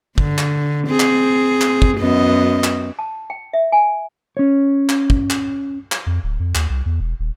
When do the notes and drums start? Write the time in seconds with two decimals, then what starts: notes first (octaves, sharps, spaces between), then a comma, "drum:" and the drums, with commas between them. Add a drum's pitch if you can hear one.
0.18 D3, drum: kick
0.38 drum: clap
0.87 C4 G#4
1.00 drum: clap
1.61 drum: clap
1.82 drum: kick
1.98 F#2 B3 D#5
2.64 drum: clap
2.99 A5
3.30 G5
3.53 E5
3.72 G#5
4.37 C#4 C#5
4.89 drum: clap
5.10 drum: kick
5.30 drum: clap
5.92 drum: clap
6.06 F2
6.24 D1
6.40 F2
6.55 D#2, drum: clap
6.70 C2
6.86 E2
7.00 E1
7.19 D#1